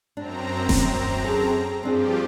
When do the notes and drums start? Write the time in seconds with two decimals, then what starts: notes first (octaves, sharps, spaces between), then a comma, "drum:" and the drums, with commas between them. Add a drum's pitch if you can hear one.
0.17 F#2 C4 D4 A#5
0.69 drum: snare D#1
1.24 G#4 A4
1.83 G2 F3 C4 D4 G4 G#4